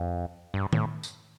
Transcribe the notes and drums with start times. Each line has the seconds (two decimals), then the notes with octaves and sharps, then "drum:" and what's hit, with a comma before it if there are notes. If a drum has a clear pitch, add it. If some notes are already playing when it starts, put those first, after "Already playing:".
Already playing: F2
0.54 G2
0.73 A2, drum: tom D#3
1.03 drum: tambourine